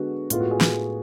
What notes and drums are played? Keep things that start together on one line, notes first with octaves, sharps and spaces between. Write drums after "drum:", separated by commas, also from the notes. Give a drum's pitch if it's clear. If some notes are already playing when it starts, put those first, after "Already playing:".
Already playing: D3 G#3 B3 F#4
A2 G#3 B3 F4, drum: hi-hat
F#4
G#4
drum: snare